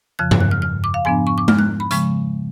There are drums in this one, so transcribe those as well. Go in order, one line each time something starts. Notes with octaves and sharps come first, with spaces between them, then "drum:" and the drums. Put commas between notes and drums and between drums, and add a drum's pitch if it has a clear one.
F2 C#3 F3 F#6
drum: tom G2
F#6
F6
F6
D6
F5
G#2 F3 B3 D4 G#5
C#6
D6
F6, drum: tom G#3
F#6
B5
C#3 F3 G#3 C#6, drum: hi-hat